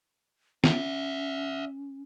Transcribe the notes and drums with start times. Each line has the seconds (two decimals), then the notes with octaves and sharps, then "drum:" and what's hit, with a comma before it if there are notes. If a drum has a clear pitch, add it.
0.64 C#4 D5 E5, drum: snare